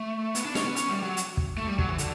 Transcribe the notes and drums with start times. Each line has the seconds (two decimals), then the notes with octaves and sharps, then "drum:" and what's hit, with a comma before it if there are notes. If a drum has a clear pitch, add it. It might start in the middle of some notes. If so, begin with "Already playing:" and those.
Already playing: A3
0.35 B3, drum: hi-hat
0.45 D4
0.55 C#4, drum: snare
0.65 B3
0.76 C#4, drum: hi-hat
0.89 G3
1.03 F#3
1.17 drum: hi-hat
1.37 drum: kick
1.57 A3
1.68 G3
1.78 F#3, drum: kick
1.88 E3
1.98 D3, drum: hi-hat